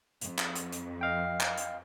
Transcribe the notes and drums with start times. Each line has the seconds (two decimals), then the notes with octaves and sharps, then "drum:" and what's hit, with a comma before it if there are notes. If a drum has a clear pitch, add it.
0.21 F2, drum: hi-hat
0.38 drum: clap
0.55 drum: hi-hat
0.72 drum: hi-hat
1.01 D#5 F5 G5
1.41 drum: clap
1.58 drum: hi-hat